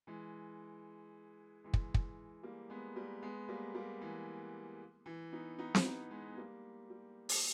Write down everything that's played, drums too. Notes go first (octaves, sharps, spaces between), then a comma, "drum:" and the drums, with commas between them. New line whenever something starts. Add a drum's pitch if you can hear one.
E3 G#3
E3 G#3
drum: kick
drum: kick
G3 A#3
G#3 B3
G3 A#3
G#3 B3
G3 A#3
G3 A#3
E3 G#3
E3
B3 D#4
B3 D#4
drum: snare C4
B3 D#4
G#3 B3
B3
G3 A#3
G3
drum: open hi-hat